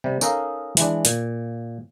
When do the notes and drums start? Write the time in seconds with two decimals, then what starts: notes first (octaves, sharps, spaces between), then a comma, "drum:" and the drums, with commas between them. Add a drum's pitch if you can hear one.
0.04 C3 G3
0.21 C#4 D#4 A4 A#4 D#5 F5, drum: tambourine
0.77 E3 G#3 D4, drum: hi-hat
1.05 A#2, drum: hi-hat